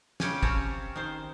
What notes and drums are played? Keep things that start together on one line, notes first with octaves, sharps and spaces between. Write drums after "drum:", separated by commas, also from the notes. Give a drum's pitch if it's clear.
C#3 C#4 G4 G#5, drum: snare
C4 C#4 F5 A5 A#5, drum: kick
D#3 C5